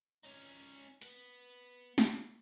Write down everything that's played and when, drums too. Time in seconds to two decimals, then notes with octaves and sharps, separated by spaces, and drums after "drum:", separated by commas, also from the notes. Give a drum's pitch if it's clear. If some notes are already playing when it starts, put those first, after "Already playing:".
0.23 C#4 D#4
1.02 B3, drum: hi-hat
1.98 drum: snare